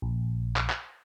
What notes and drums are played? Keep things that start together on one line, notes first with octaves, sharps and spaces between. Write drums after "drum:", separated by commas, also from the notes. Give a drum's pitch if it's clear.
A#1
drum: clap
drum: clap